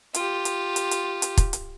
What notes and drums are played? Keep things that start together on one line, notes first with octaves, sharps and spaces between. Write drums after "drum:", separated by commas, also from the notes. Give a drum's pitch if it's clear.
F4 G4, drum: hi-hat
drum: hi-hat
drum: hi-hat
drum: hi-hat
drum: hi-hat
drum: kick, hi-hat
drum: hi-hat